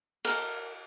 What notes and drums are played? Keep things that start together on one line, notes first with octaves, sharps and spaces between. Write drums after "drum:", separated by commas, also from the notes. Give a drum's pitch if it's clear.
A#4, drum: cymbal